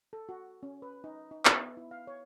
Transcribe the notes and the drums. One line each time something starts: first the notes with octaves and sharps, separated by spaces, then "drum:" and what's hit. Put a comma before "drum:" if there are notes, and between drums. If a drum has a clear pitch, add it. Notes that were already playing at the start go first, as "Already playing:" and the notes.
A4
F#4
C#4
B4
D#4
D#4
B3, drum: clap
E5
E4
F5
C#5